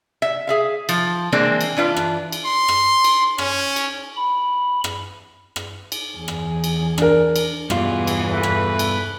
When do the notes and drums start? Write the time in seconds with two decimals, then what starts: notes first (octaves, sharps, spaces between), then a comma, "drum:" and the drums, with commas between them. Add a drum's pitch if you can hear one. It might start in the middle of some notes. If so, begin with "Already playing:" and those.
0.22 E5
0.47 G#4 E5 F5
0.89 F3, drum: cymbal
1.32 E3 G#3 A#3 C4 D4 G#4
1.61 drum: cymbal
1.77 E3 D4 F4 B4
1.97 drum: rim click
2.32 drum: cymbal
2.45 C6
2.68 drum: rim click
3.04 drum: cymbal
3.38 C#4, drum: rim click
3.76 drum: cymbal
4.17 B5
4.84 drum: rim click
5.56 drum: rim click
5.92 drum: cymbal
6.17 E2 G#4
6.28 drum: rim click
6.64 drum: cymbal
6.98 D4 A#4, drum: rim click
7.36 drum: cymbal
7.70 E2 G2 B2 E3 F4 G#4, drum: rim click
8.07 drum: cymbal
8.33 A3 B4
8.43 drum: rim click
8.79 drum: cymbal